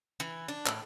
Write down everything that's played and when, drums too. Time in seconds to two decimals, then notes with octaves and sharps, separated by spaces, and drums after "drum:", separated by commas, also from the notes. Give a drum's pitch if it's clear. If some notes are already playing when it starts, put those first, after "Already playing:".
0.20 E3
0.48 D4
0.66 A2, drum: clap